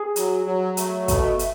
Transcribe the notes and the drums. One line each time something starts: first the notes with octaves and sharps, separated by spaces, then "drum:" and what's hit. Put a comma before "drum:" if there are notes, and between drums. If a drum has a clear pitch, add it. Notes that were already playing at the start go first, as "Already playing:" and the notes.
Already playing: G#4
F#3, drum: hi-hat
F#3
A3, drum: hi-hat
B2, drum: kick, hi-hat
drum: hi-hat